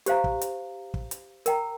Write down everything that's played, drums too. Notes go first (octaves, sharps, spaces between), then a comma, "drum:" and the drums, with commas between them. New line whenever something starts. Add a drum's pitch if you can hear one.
G4 C5 F5 A#5, drum: hi-hat
drum: kick
drum: hi-hat
drum: kick
drum: hi-hat
A#4 G5 A#5, drum: hi-hat